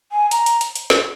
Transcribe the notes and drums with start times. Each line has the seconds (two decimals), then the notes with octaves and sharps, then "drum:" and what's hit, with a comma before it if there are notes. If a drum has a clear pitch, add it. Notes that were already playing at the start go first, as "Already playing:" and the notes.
0.12 G#5
0.31 A#5, drum: hi-hat
0.46 drum: hi-hat
0.61 drum: hi-hat
0.75 drum: hi-hat
0.90 drum: snare